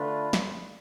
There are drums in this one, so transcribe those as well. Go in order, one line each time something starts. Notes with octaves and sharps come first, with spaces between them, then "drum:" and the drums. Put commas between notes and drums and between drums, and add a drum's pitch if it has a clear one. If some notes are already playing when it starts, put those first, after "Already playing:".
Already playing: D3 A3 D4 F4 B4
drum: snare